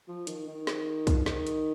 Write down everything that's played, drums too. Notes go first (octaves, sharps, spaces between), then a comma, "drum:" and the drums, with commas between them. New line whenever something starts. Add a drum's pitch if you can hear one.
F3
D#3, drum: hi-hat
D#3
drum: snare
drum: kick, hi-hat
D#3, drum: snare
drum: hi-hat